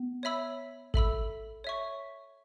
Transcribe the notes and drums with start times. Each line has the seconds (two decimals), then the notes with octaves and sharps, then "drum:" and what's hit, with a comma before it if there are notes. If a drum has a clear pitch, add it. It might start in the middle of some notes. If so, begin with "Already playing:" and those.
Already playing: B3
0.23 C#5 E5 B5 E6
0.94 A4 E5 B5 E6, drum: kick
1.64 C#5 E5 C#6